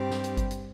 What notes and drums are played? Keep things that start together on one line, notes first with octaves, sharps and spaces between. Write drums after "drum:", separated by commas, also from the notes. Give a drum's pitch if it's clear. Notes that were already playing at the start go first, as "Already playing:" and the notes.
Already playing: G2 G3 C4 G4
drum: snare
drum: hi-hat
drum: kick G#1, hi-hat
drum: hi-hat